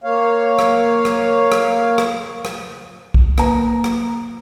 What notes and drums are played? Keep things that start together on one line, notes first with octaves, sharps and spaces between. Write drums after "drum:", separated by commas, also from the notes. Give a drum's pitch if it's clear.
A#3 C#5 F5
drum: rim click
drum: rim click
drum: rim click
drum: rim click
drum: rim click
drum: kick B1
A#3 B4 A#5, drum: rim click
drum: rim click